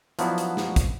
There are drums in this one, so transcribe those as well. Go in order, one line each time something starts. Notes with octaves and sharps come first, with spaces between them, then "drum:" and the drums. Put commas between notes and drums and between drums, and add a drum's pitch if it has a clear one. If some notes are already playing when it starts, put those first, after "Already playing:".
F3 F#3 B3 D4 E4 F#4, drum: hi-hat
drum: hi-hat
drum: snare
drum: kick, hi-hat